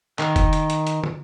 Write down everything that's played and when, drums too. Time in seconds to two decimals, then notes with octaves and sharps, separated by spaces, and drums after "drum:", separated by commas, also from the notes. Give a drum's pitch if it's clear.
0.19 D#3, drum: clap
0.36 drum: kick F1, hi-hat
0.53 drum: hi-hat
0.70 drum: hi-hat
0.87 drum: hi-hat
1.04 drum: tom